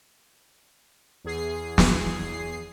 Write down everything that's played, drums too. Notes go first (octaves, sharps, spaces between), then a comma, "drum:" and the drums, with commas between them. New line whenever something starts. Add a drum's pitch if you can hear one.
E2 G#4 C7
drum: snare